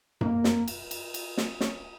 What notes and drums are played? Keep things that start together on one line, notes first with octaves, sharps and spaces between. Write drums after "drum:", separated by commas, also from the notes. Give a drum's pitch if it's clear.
A#3, drum: tom F#2
drum: snare
drum: cymbal
drum: cymbal
drum: cymbal
drum: snare
C#4, drum: snare